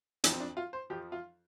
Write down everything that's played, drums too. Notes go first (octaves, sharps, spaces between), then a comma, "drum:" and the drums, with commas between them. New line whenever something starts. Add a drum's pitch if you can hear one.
F2 F3 D4, drum: hi-hat
C4
D4
F4
C5
F2 F3 G4
F4